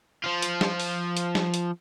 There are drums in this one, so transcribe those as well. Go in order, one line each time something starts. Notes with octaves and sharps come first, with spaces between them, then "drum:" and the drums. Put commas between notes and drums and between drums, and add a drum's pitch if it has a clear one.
F3 F4
drum: hi-hat
drum: snare
drum: open hi-hat
drum: hi-hat
drum: snare
drum: hi-hat